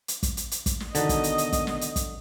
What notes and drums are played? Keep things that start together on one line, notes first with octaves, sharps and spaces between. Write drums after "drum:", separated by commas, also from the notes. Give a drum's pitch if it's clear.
drum: hi-hat
drum: kick, hi-hat
drum: hi-hat
drum: hi-hat
drum: kick, hi-hat
drum: snare
B2 D3 D#3 D#5, drum: hi-hat
drum: kick, hi-hat
drum: hi-hat
drum: hi-hat
drum: kick, hi-hat
drum: snare
drum: hi-hat
drum: kick, hi-hat